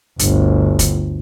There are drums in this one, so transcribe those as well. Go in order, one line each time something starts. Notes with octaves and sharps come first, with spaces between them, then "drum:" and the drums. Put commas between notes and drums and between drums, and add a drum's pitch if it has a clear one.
G1 D2, drum: hi-hat
drum: kick, hi-hat